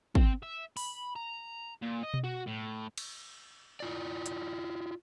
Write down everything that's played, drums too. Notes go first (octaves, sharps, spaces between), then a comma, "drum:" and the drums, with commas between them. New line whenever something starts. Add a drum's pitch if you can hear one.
C4, drum: kick
E5
B5, drum: open hi-hat
A#5
A#2
D#5
drum: tom B2
F#4
A2
drum: cymbal
E4 F4 D5
drum: hi-hat